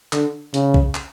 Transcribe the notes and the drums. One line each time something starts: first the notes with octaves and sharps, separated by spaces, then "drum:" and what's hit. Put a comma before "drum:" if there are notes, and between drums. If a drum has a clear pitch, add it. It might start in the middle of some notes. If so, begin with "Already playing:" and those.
D3, drum: clap
C#3, drum: hi-hat
drum: kick B1
drum: clap